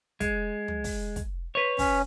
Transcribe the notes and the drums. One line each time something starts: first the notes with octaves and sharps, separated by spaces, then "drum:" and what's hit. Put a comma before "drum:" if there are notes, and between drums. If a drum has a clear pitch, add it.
G#3, drum: kick, hi-hat
drum: tom
drum: kick, open hi-hat
drum: kick, hi-hat
B4 C#5
C#4, drum: kick, open hi-hat